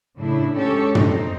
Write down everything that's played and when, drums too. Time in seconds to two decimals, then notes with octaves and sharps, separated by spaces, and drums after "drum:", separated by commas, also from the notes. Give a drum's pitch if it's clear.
0.18 A2 C#3 D4 E4
0.56 G#3 C#4 G4 A4 C#5
0.95 C4 D#4, drum: tom